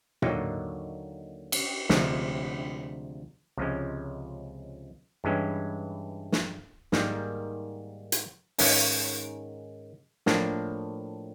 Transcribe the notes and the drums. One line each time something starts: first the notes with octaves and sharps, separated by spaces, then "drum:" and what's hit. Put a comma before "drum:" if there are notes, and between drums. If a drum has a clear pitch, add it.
D#2 D3 F#3 A#3 D#4, drum: tom A2
drum: cymbal
D2 C3 F3 G#3, drum: snare
C#2 C3 F3 G#3 C#4
G2 E3 G#3 C#4
drum: snare
G#2 D#3 G3 A#3, drum: snare
drum: hi-hat
G#2 D#3 G#3 C#4, drum: open hi-hat
A2 F3 A#3 D4, drum: snare